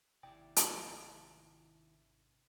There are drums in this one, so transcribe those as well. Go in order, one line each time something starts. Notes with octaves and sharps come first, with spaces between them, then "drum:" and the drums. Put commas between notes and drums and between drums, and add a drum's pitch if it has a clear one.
G#1 D#2 C3 E4 D5 G5
drum: hi-hat